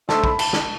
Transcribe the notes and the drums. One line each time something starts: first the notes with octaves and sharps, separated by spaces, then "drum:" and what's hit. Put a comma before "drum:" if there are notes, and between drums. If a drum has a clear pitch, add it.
A3 D4 A4 C5 E5 A5, drum: snare
B5, drum: kick
A5, drum: cymbal
drum: snare